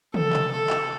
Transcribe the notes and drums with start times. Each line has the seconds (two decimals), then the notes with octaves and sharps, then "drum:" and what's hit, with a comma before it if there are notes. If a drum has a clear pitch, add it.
0.14 A4, drum: tom
0.33 drum: clap
0.52 A4
0.70 drum: clap